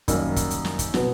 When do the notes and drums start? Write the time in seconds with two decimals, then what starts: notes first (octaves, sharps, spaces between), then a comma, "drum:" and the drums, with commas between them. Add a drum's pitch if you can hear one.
0.08 F#2 D#3 G3 A#3 D#4, drum: kick, hi-hat
0.36 drum: kick, hi-hat
0.50 drum: hi-hat
0.65 drum: snare
0.79 drum: kick, hi-hat
0.94 B2 F#3 B3, drum: snare